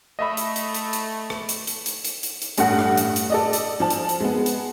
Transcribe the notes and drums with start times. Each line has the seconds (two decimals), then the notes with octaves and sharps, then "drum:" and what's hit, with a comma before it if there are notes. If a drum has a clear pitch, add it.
0.19 A3 D#5 E5 B5
0.37 drum: hi-hat
0.56 drum: hi-hat
0.74 drum: hi-hat
0.93 drum: hi-hat
1.30 drum: rim click
1.49 drum: hi-hat
1.67 drum: hi-hat
1.86 drum: hi-hat
2.05 drum: hi-hat
2.23 drum: hi-hat
2.42 drum: hi-hat
2.58 A1 G2 A3 F#5, drum: hi-hat
2.79 drum: rim click
2.97 drum: hi-hat
3.16 drum: hi-hat
3.30 A4 D5 D#5
3.53 drum: hi-hat
3.80 F3 A5
3.90 drum: hi-hat
4.09 drum: hi-hat
4.20 G#3 B3
4.46 drum: hi-hat